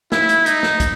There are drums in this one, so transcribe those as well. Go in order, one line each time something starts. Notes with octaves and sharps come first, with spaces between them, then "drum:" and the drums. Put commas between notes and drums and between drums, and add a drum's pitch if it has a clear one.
E4, drum: snare
drum: hi-hat
D#4, drum: hi-hat
drum: snare
drum: kick, hi-hat